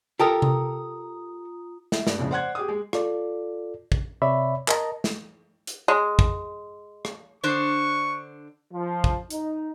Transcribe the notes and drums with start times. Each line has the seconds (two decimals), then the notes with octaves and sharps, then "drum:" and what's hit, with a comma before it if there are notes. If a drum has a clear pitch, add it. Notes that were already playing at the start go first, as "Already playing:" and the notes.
0.19 F4 G4 A4 A#4 A#5 D#6
0.42 drum: tom C3
1.92 E4, drum: snare
2.07 G2, drum: snare
2.19 F2 A2 C#3 G#3
2.31 C5 D5 F#5 C6 F#6 G#6
2.55 G4 G#4 D#6
2.68 G#3
2.93 F4 A4 D5, drum: rim click
3.92 drum: kick
4.22 C3 C#5 D5 E5 B5
4.68 A#4 D#5 A5 A#5, drum: clap
5.04 drum: snare
5.67 drum: hi-hat
5.88 G#3
6.19 drum: kick
7.05 drum: rim click
7.43 D3 D4 C5 C#6
8.73 F3
9.04 drum: kick
9.30 D#4, drum: hi-hat